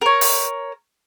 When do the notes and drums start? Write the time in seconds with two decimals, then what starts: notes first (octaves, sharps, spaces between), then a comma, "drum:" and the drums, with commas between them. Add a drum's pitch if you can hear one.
0.02 A#4 C#5
0.21 drum: open hi-hat